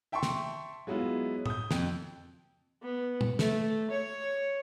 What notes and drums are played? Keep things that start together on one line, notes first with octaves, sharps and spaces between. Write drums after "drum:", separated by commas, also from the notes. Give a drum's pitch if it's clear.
E5 G5 A5 C6 C#6
drum: snare
F#3 G#3 B3 E4 F4
D#6 G6, drum: tom A2
F2, drum: snare
B3
drum: tom A#2
A3, drum: snare
C#5